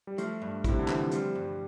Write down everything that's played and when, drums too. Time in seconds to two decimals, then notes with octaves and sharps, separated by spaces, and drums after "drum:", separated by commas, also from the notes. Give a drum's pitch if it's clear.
0.07 G3
0.18 F3 A3, drum: hi-hat
0.42 G2
0.64 C3 E4, drum: kick, hi-hat
0.79 D3
0.88 E3 C4, drum: clap
1.00 F3
1.11 F3 G3, drum: hi-hat
1.35 G2